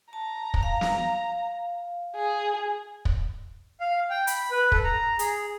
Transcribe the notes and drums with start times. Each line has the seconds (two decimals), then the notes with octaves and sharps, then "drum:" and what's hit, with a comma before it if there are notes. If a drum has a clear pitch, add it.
0.13 A5 A#5
0.54 drum: kick
0.63 F5
0.81 drum: snare
2.16 G#4
3.05 drum: kick
3.81 F5
4.10 G5
4.27 B5, drum: hi-hat
4.51 B4
4.72 A4, drum: kick
4.84 A#5
5.19 G#4, drum: hi-hat